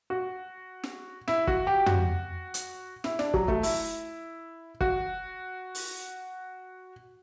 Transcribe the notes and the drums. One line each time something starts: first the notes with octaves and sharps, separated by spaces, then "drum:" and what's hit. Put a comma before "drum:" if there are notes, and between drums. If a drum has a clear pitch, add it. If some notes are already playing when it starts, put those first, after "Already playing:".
F#4
drum: snare
E4, drum: snare
F#4, drum: kick
G4
F#4, drum: tom
drum: hi-hat
E4, drum: snare
D4, drum: snare
F#3, drum: kick
A3, drum: kick
E4, drum: open hi-hat
F#4, drum: kick
drum: open hi-hat